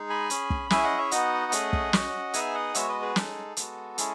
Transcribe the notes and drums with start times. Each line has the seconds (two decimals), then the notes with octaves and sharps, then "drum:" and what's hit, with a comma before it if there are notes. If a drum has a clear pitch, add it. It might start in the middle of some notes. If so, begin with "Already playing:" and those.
Already playing: G#3 D#4 G#4
0.10 G#5 B5
0.30 C#4 G#4, drum: hi-hat
0.50 drum: kick
0.70 C#4 E4 G#4 E5 G#5, drum: snare
0.84 D#5 F#5
0.97 C#5 E5
1.11 B3 D#4 F#4 D#5 F#5, drum: hi-hat
1.52 A3 C#4 G#4, drum: hi-hat
1.73 drum: kick
1.93 C#4 F#4, drum: snare
2.34 B3 D#4 G#4 E5 G#5, drum: hi-hat
2.54 D#5 F#5
2.75 G#3 B3 F#4 C#5 E5, drum: hi-hat
2.89 B4 D#5
3.02 G#4 B4
3.16 G#3 D#4 G#4 A4, drum: snare
3.57 G#3 B3 F#4, drum: hi-hat
3.98 G#3 C#4 E4 G#4, drum: hi-hat